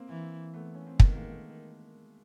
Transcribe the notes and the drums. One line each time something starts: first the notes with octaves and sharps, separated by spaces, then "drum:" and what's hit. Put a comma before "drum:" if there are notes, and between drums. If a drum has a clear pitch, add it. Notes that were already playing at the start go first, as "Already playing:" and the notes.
Already playing: A#3 C4
E3
A3 B3
C#4
C4
D#3 A3 B3, drum: kick
G#3 A#3
A3